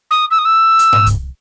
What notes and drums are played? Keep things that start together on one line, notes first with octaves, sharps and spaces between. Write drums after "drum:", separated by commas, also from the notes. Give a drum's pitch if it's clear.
D#6
E6
D#6
E6
drum: hi-hat
drum: tom G#2
drum: kick C2, hi-hat